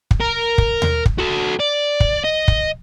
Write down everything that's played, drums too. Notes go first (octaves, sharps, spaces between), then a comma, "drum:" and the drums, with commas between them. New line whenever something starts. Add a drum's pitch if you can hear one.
drum: kick
A#4
drum: kick
drum: tom D#2
drum: kick
F#4 A4
D5
drum: kick
D#5
drum: kick